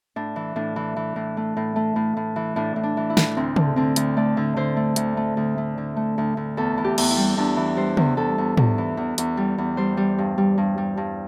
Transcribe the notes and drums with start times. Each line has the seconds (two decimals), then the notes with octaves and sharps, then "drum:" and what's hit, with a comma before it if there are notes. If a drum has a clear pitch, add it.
0.16 A2 D4
0.36 E3
0.56 A2 D4
0.76 E3
0.96 E3
1.16 A2
1.37 A3
1.57 A2
1.76 A3
1.96 A2
2.17 A2
2.36 E3
2.56 A2 D4
2.76 A2
2.83 D4
2.97 E3
3.10 E4
3.17 A2, drum: snare
3.36 D2 C4
3.56 D3, drum: tom
3.76 D3 C4
3.96 D2, drum: hi-hat
4.17 A3 D5
4.37 D3
4.56 D3 C5
4.76 A3
4.96 D2, drum: hi-hat
5.17 A3
5.37 D2
5.58 A3
5.78 D3
5.96 A3
6.18 D2
6.37 D2
6.57 E2 A4
6.78 E3
6.84 G4
6.98 E2, drum: cymbal
7.10 E4
7.17 G3
7.37 E2 D4
7.57 E3
7.77 G3 C5
7.97 E2, drum: tom
8.17 E2 A4
8.38 E2
8.57 E2, drum: tom
8.78 E3
8.97 E2
9.18 E2, drum: hi-hat
9.37 G3
9.58 E2
9.77 G3 C5
9.97 G3
10.18 G2
10.38 G3
10.58 G2
10.78 G3
10.97 G2